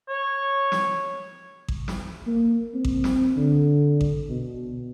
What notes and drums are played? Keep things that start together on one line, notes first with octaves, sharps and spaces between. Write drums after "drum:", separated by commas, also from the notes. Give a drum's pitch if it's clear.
C#5
drum: snare
drum: kick A1
drum: snare
A#3
C4
drum: kick A1
drum: snare
D3
drum: kick A1
B2